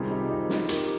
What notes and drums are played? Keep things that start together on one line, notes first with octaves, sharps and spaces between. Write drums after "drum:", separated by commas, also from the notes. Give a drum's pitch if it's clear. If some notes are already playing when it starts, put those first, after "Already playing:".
Already playing: C3 D#3 G3 F4 G#4
D#4 G4
C4 D#4
drum: snare
G4 A#4, drum: hi-hat